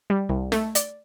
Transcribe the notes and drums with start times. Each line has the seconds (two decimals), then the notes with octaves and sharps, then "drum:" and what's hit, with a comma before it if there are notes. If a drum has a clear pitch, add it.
0.10 G3
0.29 C2
0.52 A3, drum: snare
0.75 D5, drum: hi-hat